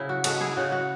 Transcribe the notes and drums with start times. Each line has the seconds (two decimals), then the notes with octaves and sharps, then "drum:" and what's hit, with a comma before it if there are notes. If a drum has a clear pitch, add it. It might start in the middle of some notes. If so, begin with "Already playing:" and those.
Already playing: C#3 F#3 E4
0.09 F#4
0.24 G#3 F#4 A4, drum: cymbal
0.40 E4 G#4
0.57 C#3 F#4
0.72 F#4